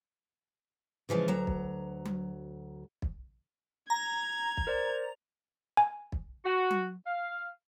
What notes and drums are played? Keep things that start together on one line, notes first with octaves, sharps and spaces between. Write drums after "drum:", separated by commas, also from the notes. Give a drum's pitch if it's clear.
C#3 E3 F3 G#3
D2 F#3 A#5
drum: kick
drum: tom F#3
drum: kick
A#5 G#6
drum: kick
A#4 C5 D5
G#5
drum: kick
F#4
drum: tom F#3
F5